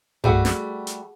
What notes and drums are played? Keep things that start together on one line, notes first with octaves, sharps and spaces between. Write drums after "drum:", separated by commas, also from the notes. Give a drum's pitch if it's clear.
G3 A3 F#4 G#4 F#5, drum: tom G2
drum: snare
drum: hi-hat